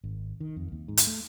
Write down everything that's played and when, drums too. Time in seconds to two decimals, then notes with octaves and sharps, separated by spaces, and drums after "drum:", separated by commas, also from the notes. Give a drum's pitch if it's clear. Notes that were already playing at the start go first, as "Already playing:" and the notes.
0.04 G#1
0.40 D#3
0.56 F2
0.72 D#2
0.88 G#2
0.97 drum: hi-hat
1.07 A3